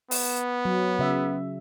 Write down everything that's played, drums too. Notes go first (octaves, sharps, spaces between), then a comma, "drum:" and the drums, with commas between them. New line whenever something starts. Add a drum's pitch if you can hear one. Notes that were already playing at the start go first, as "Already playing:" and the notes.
B3, drum: open hi-hat
F#3
C#3 E5